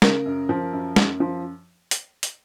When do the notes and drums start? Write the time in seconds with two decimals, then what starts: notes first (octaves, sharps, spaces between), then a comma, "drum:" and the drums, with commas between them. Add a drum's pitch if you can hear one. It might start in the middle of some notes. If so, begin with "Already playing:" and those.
0.02 C#3 A#4, drum: snare
0.26 F#2
0.49 F3
0.73 F#2
0.96 F#2, drum: snare
1.20 F3
1.91 drum: hi-hat
2.23 drum: hi-hat